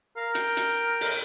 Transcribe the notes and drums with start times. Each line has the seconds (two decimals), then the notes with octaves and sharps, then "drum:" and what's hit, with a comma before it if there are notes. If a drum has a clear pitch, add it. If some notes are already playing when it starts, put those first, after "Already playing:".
0.17 A#4 F5
0.35 G5, drum: hi-hat
0.57 drum: hi-hat
1.01 drum: open hi-hat